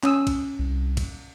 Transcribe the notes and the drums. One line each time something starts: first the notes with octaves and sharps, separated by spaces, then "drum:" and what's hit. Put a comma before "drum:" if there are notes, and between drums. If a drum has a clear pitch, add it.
C#4 D#6 E6, drum: clap
drum: kick, cymbal
C2
drum: kick, cymbal